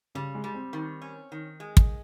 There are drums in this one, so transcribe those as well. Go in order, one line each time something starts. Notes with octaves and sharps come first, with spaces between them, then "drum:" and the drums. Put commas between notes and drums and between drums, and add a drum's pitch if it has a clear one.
C#3 G3
G#3
G3
C4
D#3
C#4
D#3
G#3
drum: kick